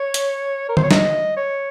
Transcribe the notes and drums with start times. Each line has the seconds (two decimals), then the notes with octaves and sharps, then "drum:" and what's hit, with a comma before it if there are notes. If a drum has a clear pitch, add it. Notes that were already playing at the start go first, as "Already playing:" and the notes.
Already playing: C#5
0.14 drum: hi-hat
0.69 A#4
0.77 C5, drum: tom D3
0.83 C#5
0.91 D#5, drum: snare
1.37 C#5